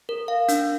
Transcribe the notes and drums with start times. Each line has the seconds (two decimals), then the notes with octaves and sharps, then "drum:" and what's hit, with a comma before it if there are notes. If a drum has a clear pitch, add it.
0.09 A#4
0.28 F5
0.48 D4, drum: hi-hat